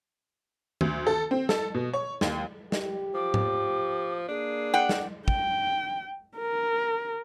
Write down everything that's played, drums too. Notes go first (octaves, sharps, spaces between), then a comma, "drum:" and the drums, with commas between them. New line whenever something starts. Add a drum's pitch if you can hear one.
D2, drum: tom D#3
A4
C4
A4, drum: snare
B2
C#5
D#2, drum: snare
G4, drum: snare
F3 D6
drum: tom G#2
A#3 D4 G#4
F#5 G5
drum: snare
G5, drum: kick
A#4